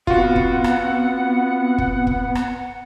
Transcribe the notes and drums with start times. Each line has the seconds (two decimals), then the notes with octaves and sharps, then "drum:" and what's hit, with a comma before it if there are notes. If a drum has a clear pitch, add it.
0.07 B3 C4 F4 F#4 F#5, drum: kick
0.36 drum: kick
0.64 drum: rim click
1.78 drum: kick
2.07 drum: kick
2.35 drum: rim click